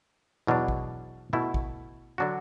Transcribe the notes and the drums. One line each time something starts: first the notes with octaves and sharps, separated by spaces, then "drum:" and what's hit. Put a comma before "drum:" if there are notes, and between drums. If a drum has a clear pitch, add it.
E2 B2 F#3 D4
drum: kick
B2 A3 E4
drum: kick
D3 F#3 D4 F#4